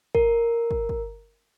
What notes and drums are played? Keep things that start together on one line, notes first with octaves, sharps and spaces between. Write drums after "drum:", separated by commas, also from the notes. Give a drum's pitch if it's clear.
A#4, drum: kick
drum: kick
drum: kick